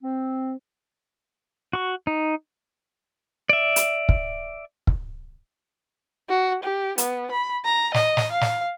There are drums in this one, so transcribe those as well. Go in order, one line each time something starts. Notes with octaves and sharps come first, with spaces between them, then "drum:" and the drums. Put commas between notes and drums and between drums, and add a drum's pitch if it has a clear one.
C4
F#4 C#6
D#4
D5 E5
drum: hi-hat
drum: kick
drum: kick
F#4
G4
B3, drum: hi-hat
B5
A#5
D#5, drum: snare
drum: snare
F5
drum: snare